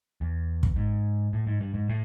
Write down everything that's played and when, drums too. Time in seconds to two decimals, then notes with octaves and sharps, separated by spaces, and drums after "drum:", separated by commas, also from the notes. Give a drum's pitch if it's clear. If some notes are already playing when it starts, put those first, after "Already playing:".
0.21 E2
0.63 drum: kick
0.76 G#2
1.33 A2
1.47 G#2
1.60 G2
1.74 G#2
1.89 A2